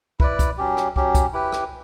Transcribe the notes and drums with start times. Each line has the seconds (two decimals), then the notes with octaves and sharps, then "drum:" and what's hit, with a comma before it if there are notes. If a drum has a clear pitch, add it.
0.20 E4 B4 D5, drum: kick
0.39 drum: kick, hi-hat
0.58 F#3 C#4 G4
0.77 drum: rim click
0.96 F#3 C#4 G4, drum: kick
1.15 drum: kick, hi-hat
1.33 E4 G4 B4
1.52 drum: rim click